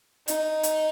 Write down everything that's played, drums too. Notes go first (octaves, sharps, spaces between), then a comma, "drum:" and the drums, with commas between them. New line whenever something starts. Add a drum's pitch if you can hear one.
D#4, drum: hi-hat
drum: hi-hat